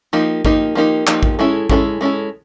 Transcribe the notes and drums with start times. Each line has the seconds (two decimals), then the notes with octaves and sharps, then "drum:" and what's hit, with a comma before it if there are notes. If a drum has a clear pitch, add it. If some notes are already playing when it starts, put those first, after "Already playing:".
0.13 F3 A#3 D#4 G4
0.45 F3 A#3 D#4 G4, drum: kick A1
0.75 F3 A#3 D#4 G4
1.07 F3 A#3 D#4 G4, drum: clap
1.23 drum: kick A1
1.39 G#3 C#4 E4 A4
1.69 G#3 C#4 E4 A4, drum: kick A1
2.01 G#3 C#4 E4 A4